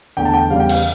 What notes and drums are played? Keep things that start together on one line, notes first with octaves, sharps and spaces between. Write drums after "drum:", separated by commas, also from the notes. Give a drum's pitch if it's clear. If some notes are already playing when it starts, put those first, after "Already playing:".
E2 D3 A3 G5
A5
G5
E2 C#3 G3 F5
G5
F5, drum: cymbal